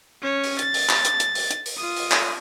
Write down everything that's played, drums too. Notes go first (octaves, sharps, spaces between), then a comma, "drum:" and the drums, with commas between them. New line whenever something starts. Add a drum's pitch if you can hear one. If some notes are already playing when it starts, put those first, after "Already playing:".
C#4 C#5
drum: open hi-hat
A6, drum: hi-hat
drum: open hi-hat
drum: clap
drum: hi-hat
drum: hi-hat
drum: open hi-hat
drum: hi-hat
drum: open hi-hat
F4 D#6
drum: open hi-hat
drum: clap